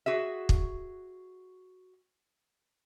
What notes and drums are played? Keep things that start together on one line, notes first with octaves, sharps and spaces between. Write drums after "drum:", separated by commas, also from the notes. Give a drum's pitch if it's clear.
F#4 G#4 E5
drum: kick